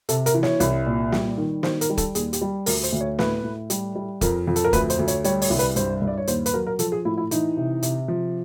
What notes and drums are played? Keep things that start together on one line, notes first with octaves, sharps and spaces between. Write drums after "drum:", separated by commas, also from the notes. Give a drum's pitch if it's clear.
C3 A4, drum: hi-hat
A#4, drum: hi-hat
E3
C#5, drum: snare
C2, drum: hi-hat
A#2
G3, drum: snare
D#3
D#3 C5, drum: snare
A#4, drum: hi-hat
G3
A4, drum: kick, hi-hat
D#2 G#4, drum: hi-hat
G4, drum: hi-hat
G3
D2 A#4, drum: open hi-hat
C5, drum: hi-hat
D2
C#5
A2 B4, drum: snare
A2
G3, drum: hi-hat
G3
F2 A#4, drum: kick, hi-hat
F2
A4, drum: hi-hat
A#4
D2 B4, drum: kick, hi-hat
C5, drum: hi-hat
D2
C#5, drum: hi-hat
G3 C#5, drum: hi-hat
C#5, drum: open hi-hat
C2
B4, drum: hi-hat
G2 C5, drum: hi-hat
G2
D5
C#5
D#2 C5, drum: hi-hat
B4, drum: hi-hat
F#3 A#4
A#4
F3 A4, drum: hi-hat
G#4
A2 E4
E4
E3 D#4, drum: hi-hat
C3
C3, drum: hi-hat
F3